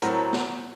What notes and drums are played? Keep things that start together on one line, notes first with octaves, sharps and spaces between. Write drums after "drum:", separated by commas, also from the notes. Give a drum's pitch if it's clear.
A2 F#3 A3 C4 F#4 A#4, drum: hi-hat
drum: snare